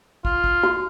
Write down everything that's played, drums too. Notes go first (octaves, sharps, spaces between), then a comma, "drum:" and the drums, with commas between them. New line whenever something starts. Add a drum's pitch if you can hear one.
F4, drum: kick
drum: kick
F#4